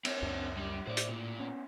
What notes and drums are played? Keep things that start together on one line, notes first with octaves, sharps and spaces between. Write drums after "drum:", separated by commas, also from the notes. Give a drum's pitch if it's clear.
C4 C#5, drum: cymbal
C#2 F#2 D4
G3
A2 C5 D5
drum: hi-hat
A#2
B3 C#4